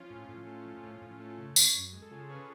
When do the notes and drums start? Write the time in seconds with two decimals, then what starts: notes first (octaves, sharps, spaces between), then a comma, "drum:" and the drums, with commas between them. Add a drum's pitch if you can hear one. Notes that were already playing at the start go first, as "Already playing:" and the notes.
Already playing: F3 C#4 F4
0.10 A2
0.29 A2
0.47 A3
0.65 F3
0.83 A2
1.02 A2
1.20 A3
1.38 C#3
1.56 C#4, drum: tambourine
1.74 F#2
1.93 G#3
2.02 A4
2.11 C#3 F4 G#4
2.29 C#4 G#4 B4